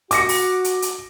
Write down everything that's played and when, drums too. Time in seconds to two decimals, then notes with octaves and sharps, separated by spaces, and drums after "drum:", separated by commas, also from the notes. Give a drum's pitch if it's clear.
0.11 F#4 D6 A#6 C#7, drum: hi-hat
0.29 drum: open hi-hat
0.64 drum: hi-hat
0.82 drum: hi-hat